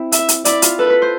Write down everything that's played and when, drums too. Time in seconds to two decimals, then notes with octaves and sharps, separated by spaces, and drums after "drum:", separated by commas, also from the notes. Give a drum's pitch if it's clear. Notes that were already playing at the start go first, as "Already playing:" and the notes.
Already playing: C4 E4
0.12 E5, drum: hi-hat
0.29 drum: hi-hat
0.45 E4 D5, drum: hi-hat
0.62 F4, drum: hi-hat
0.79 A4 B4
0.90 B4
1.02 C5